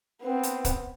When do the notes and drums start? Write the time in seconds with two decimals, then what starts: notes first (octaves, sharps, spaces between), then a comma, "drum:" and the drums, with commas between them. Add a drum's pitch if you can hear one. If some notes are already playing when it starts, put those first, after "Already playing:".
0.22 B3 C4
0.43 drum: hi-hat
0.65 drum: kick, hi-hat